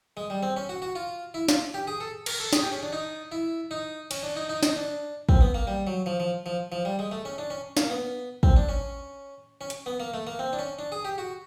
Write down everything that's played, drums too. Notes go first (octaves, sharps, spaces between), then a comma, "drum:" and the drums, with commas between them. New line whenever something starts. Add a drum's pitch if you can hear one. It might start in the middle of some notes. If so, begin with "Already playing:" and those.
G#3
G3
C4
C#4
F#4
F#4
F4
E4
F4, drum: snare
G4
G#4
A4
A#4, drum: cymbal
A4
G#4, drum: snare
G4
C#4
D4
D#4
E4
D#4
C#4, drum: cymbal
D4
D#4
D#4
D#4, drum: snare
D4
C4, drum: kick
B3
A#3
G3
F#3
F3
F3
F3
F3
G3
G#3
A3
C#4
D4
C#4
A#3, drum: snare
B3
C4, drum: kick
D4
C#4
C#4
drum: hi-hat
B3
A#3
A3
A#3
C4
D4
C#4
D4
G#4
G4
F#4